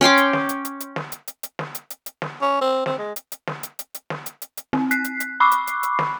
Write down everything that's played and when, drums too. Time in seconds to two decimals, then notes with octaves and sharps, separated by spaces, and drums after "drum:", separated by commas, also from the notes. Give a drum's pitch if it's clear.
0.01 C#4 G5 C6 D6
0.18 drum: hi-hat
0.33 drum: snare
0.49 drum: hi-hat
0.65 drum: hi-hat
0.80 drum: hi-hat
0.96 drum: snare
1.12 drum: hi-hat
1.28 drum: hi-hat
1.43 drum: hi-hat
1.59 drum: snare
1.75 drum: hi-hat
1.90 drum: hi-hat
2.06 drum: hi-hat
2.22 drum: snare
2.42 C#4
2.61 C4
2.86 C4, drum: snare
2.98 G#3
3.16 drum: hi-hat
3.32 drum: hi-hat
3.47 drum: snare
3.63 drum: hi-hat
3.79 drum: hi-hat
3.95 drum: hi-hat
4.10 drum: snare
4.26 drum: hi-hat
4.42 drum: hi-hat
4.57 drum: hi-hat
4.73 C4, drum: snare
4.91 F#6 B6 C7, drum: hi-hat
5.04 drum: hi-hat
5.20 drum: hi-hat
5.40 B5 C#6 D6 E6 F#6 C7
5.52 drum: hi-hat
5.67 drum: hi-hat
5.83 drum: hi-hat
5.99 drum: snare